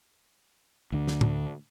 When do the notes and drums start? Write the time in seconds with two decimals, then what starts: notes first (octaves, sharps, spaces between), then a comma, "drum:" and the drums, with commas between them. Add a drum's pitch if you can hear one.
0.92 D2 D3
1.08 drum: snare
1.21 drum: tom A2